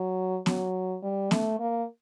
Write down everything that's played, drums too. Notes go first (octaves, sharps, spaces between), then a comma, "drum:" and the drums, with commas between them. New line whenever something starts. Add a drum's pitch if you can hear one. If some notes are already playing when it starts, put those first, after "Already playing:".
Already playing: F#3
F#3, drum: snare B3
G3
A3, drum: snare B3
A#3